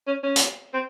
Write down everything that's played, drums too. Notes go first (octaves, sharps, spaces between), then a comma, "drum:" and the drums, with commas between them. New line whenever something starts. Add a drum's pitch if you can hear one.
C#4
C#4
drum: hi-hat
C4